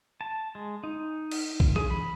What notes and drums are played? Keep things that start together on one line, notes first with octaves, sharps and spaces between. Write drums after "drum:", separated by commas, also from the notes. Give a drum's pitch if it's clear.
A5
G#3
D#4
drum: cymbal
drum: kick A#1
G#4, drum: tom E3
B5